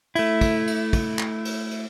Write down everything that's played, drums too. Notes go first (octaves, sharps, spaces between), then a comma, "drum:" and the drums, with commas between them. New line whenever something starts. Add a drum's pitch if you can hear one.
A3 E4, drum: cymbal
drum: kick, cymbal
drum: cymbal
drum: kick, cymbal
drum: clap
drum: cymbal
drum: cymbal